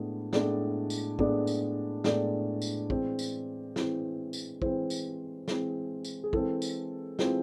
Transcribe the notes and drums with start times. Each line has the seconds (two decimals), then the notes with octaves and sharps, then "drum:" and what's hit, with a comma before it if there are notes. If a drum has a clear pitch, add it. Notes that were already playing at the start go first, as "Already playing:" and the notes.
Already playing: A2 G#3 B3 D4
0.33 A2 G#3 B3 D4 D5, drum: snare
0.90 drum: tambourine
1.19 A2 G#3 B3 D4 D5, drum: kick
1.47 drum: tambourine
2.04 A2 G#3 B3 D4 D5, drum: snare
2.62 drum: tambourine
2.90 E3 G#3 C4, drum: kick
3.19 drum: tambourine
3.76 E3 G#3 C4, drum: snare
4.33 drum: tambourine
4.62 E3 G#3 C4 C5, drum: kick
4.90 drum: tambourine
5.48 E3 G#3 C4, drum: snare
6.05 drum: tambourine
6.24 G#4
6.33 E3 G#3 C4 A4, drum: kick
6.62 drum: tambourine
7.19 E3 G#3 C4 F4, drum: snare